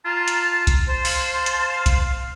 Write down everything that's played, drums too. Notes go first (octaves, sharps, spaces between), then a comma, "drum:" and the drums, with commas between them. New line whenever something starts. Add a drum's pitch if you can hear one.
F4 A5 A#5
drum: hi-hat
drum: kick C2, hi-hat
C5 A5
F5, drum: open hi-hat
drum: hi-hat
drum: kick C2, hi-hat